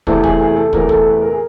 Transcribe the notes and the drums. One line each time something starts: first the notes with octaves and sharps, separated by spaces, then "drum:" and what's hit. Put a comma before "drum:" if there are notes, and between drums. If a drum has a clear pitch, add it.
E2 C3 E3 A3 A4, drum: kick
G#4, drum: kick
G#4
A4
E2 C3 E3 A3 A#4, drum: kick
A4, drum: kick
B4
A#4
G#4